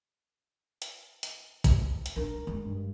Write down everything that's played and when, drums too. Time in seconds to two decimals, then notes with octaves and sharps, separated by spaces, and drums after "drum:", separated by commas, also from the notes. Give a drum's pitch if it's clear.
0.82 drum: hi-hat
1.23 drum: hi-hat
1.64 drum: kick, hi-hat
2.06 drum: hi-hat
2.16 D4 D#4 A#4
2.47 G#3
2.65 G2